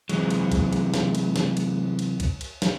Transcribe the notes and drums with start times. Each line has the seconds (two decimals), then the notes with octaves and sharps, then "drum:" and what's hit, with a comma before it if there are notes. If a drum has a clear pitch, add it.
0.09 C3 E3 F#3 G#3, drum: cymbal
0.30 drum: cymbal
0.52 drum: kick, cymbal
0.73 drum: cymbal
0.94 drum: snare
1.15 drum: cymbal
1.36 drum: snare
1.57 drum: cymbal
1.99 drum: cymbal
2.20 drum: kick, cymbal
2.41 drum: cymbal
2.62 drum: snare